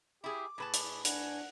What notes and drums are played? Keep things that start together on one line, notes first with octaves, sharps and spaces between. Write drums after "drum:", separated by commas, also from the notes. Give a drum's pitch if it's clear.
E4 G4 G#4 D6
A2 G#4 B4 A5
drum: hi-hat
D4 F#5 G#5, drum: hi-hat